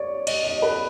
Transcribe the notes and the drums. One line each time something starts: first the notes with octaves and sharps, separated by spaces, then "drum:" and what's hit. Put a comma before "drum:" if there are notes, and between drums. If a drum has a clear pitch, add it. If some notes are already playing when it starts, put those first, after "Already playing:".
Already playing: C#5 D5
D#5, drum: cymbal
D#5
B4